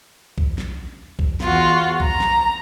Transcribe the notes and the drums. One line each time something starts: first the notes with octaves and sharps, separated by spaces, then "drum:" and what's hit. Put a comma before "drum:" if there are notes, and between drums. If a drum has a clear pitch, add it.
drum: kick
drum: snare
drum: kick
E2 F4 F#4, drum: snare
A#5, drum: kick
drum: snare